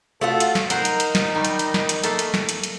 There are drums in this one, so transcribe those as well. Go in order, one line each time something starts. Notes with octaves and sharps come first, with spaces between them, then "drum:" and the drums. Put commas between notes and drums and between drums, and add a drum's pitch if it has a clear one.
A3 F4 F#4 A4
drum: hi-hat
drum: snare
D#4 A#4 C5 F#5, drum: hi-hat
drum: hi-hat
drum: hi-hat
drum: snare
D#3 G3
drum: hi-hat
drum: hi-hat
drum: snare
drum: hi-hat
A3 A#3 A4, drum: hi-hat
drum: hi-hat
drum: snare
drum: hi-hat
drum: hi-hat